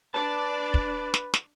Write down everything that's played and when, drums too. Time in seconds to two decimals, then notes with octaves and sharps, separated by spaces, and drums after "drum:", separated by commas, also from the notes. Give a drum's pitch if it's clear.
0.14 D4 B4 D5 A5
0.74 drum: kick
1.14 drum: snare
1.34 drum: snare